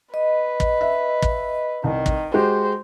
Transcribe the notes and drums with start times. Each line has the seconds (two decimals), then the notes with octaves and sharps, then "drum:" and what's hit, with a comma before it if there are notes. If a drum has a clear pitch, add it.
0.14 B4 D#5
0.60 drum: kick
0.81 E5
1.22 drum: kick
1.84 C2 D#3
2.06 drum: kick
2.34 G#3 F#4 G4 C5